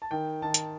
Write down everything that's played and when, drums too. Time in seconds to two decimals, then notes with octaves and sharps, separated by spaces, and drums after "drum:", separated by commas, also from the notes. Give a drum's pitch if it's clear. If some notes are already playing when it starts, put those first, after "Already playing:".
0.02 A5
0.11 D#3 G5
0.42 D#3 A5
0.54 drum: hi-hat